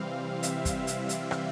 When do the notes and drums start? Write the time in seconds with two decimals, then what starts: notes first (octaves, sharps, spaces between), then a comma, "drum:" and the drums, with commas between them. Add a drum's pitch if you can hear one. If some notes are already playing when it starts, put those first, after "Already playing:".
Already playing: C3 E3 G3 C4 F5
0.43 E5, drum: hi-hat
0.65 drum: kick, hi-hat
0.87 drum: hi-hat
1.09 drum: hi-hat
1.31 drum: rim click